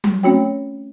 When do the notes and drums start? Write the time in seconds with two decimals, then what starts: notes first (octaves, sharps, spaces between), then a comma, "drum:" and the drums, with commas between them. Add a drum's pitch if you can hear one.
0.04 drum: tom F#3
0.23 A3 C4 C#4 F#4 C#5 G5